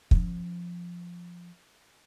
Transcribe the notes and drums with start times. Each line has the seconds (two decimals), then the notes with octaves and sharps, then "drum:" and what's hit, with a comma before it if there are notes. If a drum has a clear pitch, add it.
0.11 F3 C#4, drum: kick